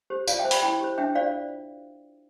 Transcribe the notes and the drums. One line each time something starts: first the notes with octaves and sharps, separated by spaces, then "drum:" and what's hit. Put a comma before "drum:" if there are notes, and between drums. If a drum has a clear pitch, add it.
G4 C5
F4 D5 F5, drum: tambourine
E5 G5
C5
G5 B5, drum: open hi-hat
E4 G5 B5
G4 C5
D4 E5 G5
F4 C5 D5 F5